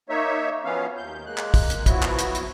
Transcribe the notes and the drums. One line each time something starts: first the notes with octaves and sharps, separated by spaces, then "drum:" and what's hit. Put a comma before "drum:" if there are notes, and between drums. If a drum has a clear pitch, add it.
A#3 D#4 C#5 E5
F3 F#3 B3 C#4 F5
D#2 G6
G#3 A#3 F#6
drum: clap
drum: kick, open hi-hat
drum: hi-hat
F3 F#3 B3 E4 F#4, drum: kick, hi-hat
drum: clap
drum: hi-hat
drum: hi-hat